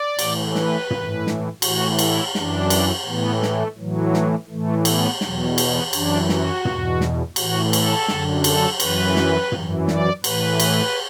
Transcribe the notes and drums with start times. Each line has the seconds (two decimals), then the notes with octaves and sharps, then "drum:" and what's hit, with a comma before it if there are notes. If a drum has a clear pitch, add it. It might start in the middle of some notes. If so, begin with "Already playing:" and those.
Already playing: D5
0.19 A2 E3, drum: cymbal
0.55 B4, drum: snare
0.91 A2 E3, drum: tom
1.27 drum: snare
1.62 A2 E3 F#4, drum: cymbal
1.99 E4, drum: cymbal
2.35 F#2 E3 D4, drum: snare
2.70 drum: cymbal
3.06 A2 E3 B3
3.43 A3, drum: snare
3.78 A2 E3 F#3
4.14 drum: snare
4.49 A2 E3 A3
4.85 B3, drum: cymbal
5.21 E2 B2 F#3, drum: snare
5.58 B3, drum: cymbal
5.93 F#2 E3 D4, drum: cymbal
6.29 F#4, drum: snare
6.65 E2 B2, drum: tom
7.01 drum: snare
7.36 A2 E3 F#4, drum: cymbal
7.73 A4, drum: cymbal
8.08 F#2 D3, drum: snare
8.44 A4, drum: cymbal
8.80 F#2 E3 B4, drum: cymbal
9.16 drum: snare
9.52 F#2 E3, drum: tom
9.88 D5, drum: snare
10.24 A2 E3 B4, drum: cymbal
10.60 drum: cymbal